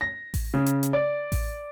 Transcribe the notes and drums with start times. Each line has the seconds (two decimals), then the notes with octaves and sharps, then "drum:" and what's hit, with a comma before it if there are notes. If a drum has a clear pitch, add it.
0.01 A#6
0.34 drum: kick A1, open hi-hat
0.54 C#3
0.66 drum: hi-hat
0.83 drum: hi-hat
0.93 D5
1.32 drum: kick A1, open hi-hat